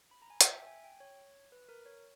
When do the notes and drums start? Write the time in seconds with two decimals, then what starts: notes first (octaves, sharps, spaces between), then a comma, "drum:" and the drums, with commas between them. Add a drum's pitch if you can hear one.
0.11 B5
0.22 A#5
0.30 G#5
0.41 G5, drum: hi-hat
0.50 E5
0.67 G#5
0.84 G5
1.00 C#5
1.52 B4
1.69 A#4
1.86 C#5